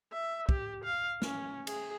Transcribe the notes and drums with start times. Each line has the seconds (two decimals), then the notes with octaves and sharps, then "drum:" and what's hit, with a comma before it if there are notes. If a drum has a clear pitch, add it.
0.13 E5
0.49 G4, drum: kick
0.84 F5
1.22 C#4, drum: snare
1.67 G#4, drum: cymbal